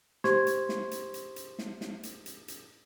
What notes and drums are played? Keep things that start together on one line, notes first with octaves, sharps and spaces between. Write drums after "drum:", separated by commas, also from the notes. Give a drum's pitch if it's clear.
G4 C5 C6 C#6 G#6, drum: snare
drum: hi-hat
drum: snare
drum: hi-hat
drum: hi-hat
drum: hi-hat
drum: snare
drum: snare
drum: hi-hat
drum: hi-hat
drum: hi-hat